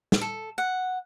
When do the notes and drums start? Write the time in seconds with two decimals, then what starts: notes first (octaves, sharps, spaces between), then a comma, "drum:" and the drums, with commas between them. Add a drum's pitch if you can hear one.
0.12 drum: snare
0.21 A4
0.58 F#5